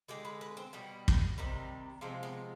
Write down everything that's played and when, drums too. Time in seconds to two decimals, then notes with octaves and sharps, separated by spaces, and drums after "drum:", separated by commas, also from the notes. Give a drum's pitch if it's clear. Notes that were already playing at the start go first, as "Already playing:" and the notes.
0.08 D3 G#3 G4
0.25 B4
0.41 B4
0.57 C4
0.73 B2 G3 B3
1.08 drum: kick
1.38 C3 D#3 G3
2.01 C3 F3 G#3 C4
2.23 B3